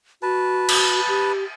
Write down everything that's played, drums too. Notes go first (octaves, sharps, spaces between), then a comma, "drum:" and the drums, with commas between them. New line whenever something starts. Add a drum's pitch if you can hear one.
F#4 B4 A5
drum: cymbal
G4